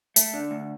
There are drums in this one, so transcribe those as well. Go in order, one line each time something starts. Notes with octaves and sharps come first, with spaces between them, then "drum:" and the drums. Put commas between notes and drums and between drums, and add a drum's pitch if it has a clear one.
A3, drum: hi-hat
D3
D2